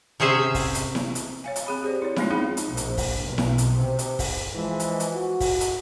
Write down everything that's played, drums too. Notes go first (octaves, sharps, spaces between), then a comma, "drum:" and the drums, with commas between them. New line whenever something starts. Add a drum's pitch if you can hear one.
C3 C#4 G#4 C5 E5
drum: kick, open hi-hat
drum: hi-hat
drum: snare E4
drum: hi-hat
C#5 F5 G#5
drum: hi-hat
C4 G#4 B5
G4 G#4 C5 D5
E4 C#5
F3 G#3 A3 C4 D#4 F4, drum: snare E4
B3 D#4 E4 G#4 F5 B5
drum: hi-hat
A#1
drum: hi-hat
drum: kick, open hi-hat
B1
drum: snare E4
drum: hi-hat
C3
drum: hi-hat
drum: kick, open hi-hat
E3 F3 G#3
drum: hi-hat
drum: hi-hat
F#4
drum: kick, open hi-hat
drum: hi-hat